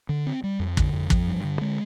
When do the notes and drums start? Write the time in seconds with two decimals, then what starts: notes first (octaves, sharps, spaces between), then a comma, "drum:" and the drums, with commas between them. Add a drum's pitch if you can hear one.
0.09 D3
0.27 C4
0.44 G3
0.60 F2
0.77 D3, drum: kick
0.93 F2
1.10 F3, drum: kick
1.27 G2
1.44 D3
1.61 G#3